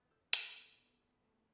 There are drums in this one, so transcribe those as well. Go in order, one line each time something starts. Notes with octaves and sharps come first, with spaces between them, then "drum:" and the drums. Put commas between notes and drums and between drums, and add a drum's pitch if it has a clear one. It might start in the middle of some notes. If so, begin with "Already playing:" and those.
Already playing: B3
E3 A4 C5
E3 A4 C5, drum: hi-hat
B3
B3
B3
A3